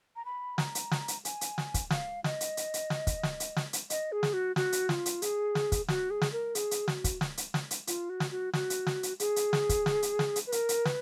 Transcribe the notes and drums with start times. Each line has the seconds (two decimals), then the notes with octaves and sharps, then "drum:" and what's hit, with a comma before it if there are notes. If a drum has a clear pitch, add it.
0.16 A#5
0.25 B5
0.58 A#5, drum: snare
0.75 drum: hi-hat
0.91 drum: snare
1.08 drum: hi-hat
1.25 G#5, drum: hi-hat
1.41 drum: hi-hat
1.58 drum: snare
1.74 drum: kick, hi-hat
1.90 F5, drum: snare
2.24 D#5, drum: snare
2.41 drum: hi-hat
2.57 drum: hi-hat
2.74 drum: hi-hat
2.90 drum: snare
3.07 drum: kick, hi-hat
3.23 drum: snare
3.40 drum: hi-hat
3.56 drum: snare
3.73 drum: hi-hat
3.90 D#5, drum: hi-hat
4.12 G#4
4.23 drum: snare
4.33 F#4
4.56 F#4, drum: snare
4.72 drum: hi-hat
4.89 F4, drum: snare
5.06 drum: hi-hat
5.22 G#4, drum: hi-hat
5.55 drum: snare
5.72 drum: kick, hi-hat
5.88 F#4, drum: snare
6.10 G#4
6.22 drum: snare
6.32 A#4
6.55 G#4, drum: hi-hat
6.71 drum: hi-hat
6.88 F#4, drum: snare
7.04 drum: kick, hi-hat
7.21 drum: snare
7.37 drum: hi-hat
7.54 drum: snare
7.71 drum: hi-hat
7.87 F4, drum: hi-hat
8.09 F#4
8.20 drum: snare
8.31 F#4
8.53 F#4, drum: snare
8.70 drum: hi-hat
8.87 drum: snare
9.03 drum: hi-hat
9.20 G#4, drum: hi-hat
9.36 drum: hi-hat
9.53 drum: snare
9.69 drum: kick, hi-hat
9.86 drum: snare
10.02 drum: hi-hat
10.19 drum: snare
10.36 drum: hi-hat
10.47 B4
10.52 A#4, drum: hi-hat
10.69 drum: hi-hat
10.85 B4, drum: snare